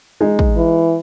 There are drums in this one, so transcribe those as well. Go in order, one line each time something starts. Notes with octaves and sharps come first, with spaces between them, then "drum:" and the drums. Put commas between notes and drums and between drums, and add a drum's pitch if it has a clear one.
G#3 D#4
drum: kick
E3